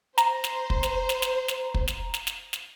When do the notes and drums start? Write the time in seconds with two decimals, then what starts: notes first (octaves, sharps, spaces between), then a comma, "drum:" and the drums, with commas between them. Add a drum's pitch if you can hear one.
0.18 C5 A#5, drum: snare
0.44 drum: snare
0.70 drum: kick
0.83 drum: snare
1.09 drum: snare
1.22 drum: snare
1.48 drum: snare
1.74 drum: kick
1.88 drum: snare
2.14 drum: snare
2.27 drum: snare
2.53 drum: snare